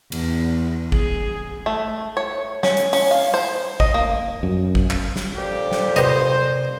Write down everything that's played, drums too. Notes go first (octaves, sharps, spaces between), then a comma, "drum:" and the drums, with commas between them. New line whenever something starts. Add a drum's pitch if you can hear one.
E2, drum: cymbal
G#4, drum: kick G#1
A3
C#5
C#4, drum: snare
drum: hi-hat
C#4, drum: open hi-hat
F5
C5
D#5, drum: kick G#1
A#3
F#2
drum: kick G#1
drum: clap
drum: snare
F2 A#2 G4
drum: snare
C3 G4 B4 C5 D#5, drum: hi-hat